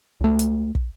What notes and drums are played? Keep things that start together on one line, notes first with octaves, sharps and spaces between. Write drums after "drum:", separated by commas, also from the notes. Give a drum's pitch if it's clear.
C#2 A3
drum: hi-hat
drum: kick